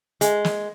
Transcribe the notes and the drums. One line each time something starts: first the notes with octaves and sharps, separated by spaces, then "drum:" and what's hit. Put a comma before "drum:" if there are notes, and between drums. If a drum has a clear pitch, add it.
G#3, drum: hi-hat
drum: snare